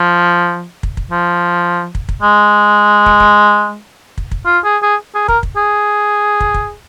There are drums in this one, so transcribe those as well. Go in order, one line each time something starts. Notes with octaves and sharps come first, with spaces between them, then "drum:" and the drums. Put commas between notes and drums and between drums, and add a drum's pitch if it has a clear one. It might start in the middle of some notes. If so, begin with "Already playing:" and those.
Already playing: F3
drum: kick
drum: kick
F3
drum: kick
drum: kick
G#3
drum: kick
drum: kick
drum: kick
drum: kick
F4
G#4
G#4
G#4
A#4, drum: kick
drum: kick
G#4
drum: kick
drum: kick